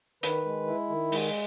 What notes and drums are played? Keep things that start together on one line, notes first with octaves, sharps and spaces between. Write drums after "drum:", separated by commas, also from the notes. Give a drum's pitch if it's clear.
D#3 B4, drum: hi-hat
G#3
E4
D#3
G#3, drum: open hi-hat